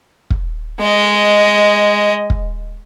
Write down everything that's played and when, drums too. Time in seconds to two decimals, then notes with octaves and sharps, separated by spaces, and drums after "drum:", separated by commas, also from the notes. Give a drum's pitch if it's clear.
0.30 drum: kick
0.80 G#3 D#5
2.30 drum: kick